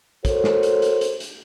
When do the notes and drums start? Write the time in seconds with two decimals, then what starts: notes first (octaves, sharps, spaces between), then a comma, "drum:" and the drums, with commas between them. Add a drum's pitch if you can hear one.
0.25 F#4 A4 A#4 C5 C#5, drum: kick, hi-hat
0.44 drum: snare
0.63 drum: hi-hat
0.82 drum: hi-hat
1.01 drum: hi-hat
1.20 drum: hi-hat